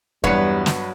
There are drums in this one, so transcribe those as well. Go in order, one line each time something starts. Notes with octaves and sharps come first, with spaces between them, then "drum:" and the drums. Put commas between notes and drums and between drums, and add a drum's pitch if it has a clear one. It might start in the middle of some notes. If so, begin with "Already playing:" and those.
E2 G2 F#3 G3 B3 B4 C#5 C#7, drum: kick
drum: snare